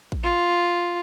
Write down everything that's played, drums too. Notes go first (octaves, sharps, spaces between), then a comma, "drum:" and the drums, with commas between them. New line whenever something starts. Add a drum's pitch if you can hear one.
drum: kick
F4